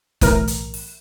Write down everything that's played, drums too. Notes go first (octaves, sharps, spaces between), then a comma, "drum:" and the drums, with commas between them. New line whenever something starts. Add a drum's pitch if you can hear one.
B1 A2 E3 A#4, drum: kick F#1, hi-hat
drum: hi-hat
drum: open hi-hat